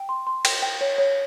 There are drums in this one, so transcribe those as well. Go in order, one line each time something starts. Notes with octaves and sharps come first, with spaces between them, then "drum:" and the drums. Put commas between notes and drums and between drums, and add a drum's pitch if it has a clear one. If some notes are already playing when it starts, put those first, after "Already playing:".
Already playing: G5
C6
C6
G5, drum: cymbal
G5
C#5
C#5